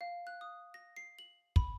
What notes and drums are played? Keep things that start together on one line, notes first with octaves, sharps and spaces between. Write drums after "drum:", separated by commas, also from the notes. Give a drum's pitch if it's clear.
F5
F#6
D#6
A#6
C7
F#7
B5, drum: kick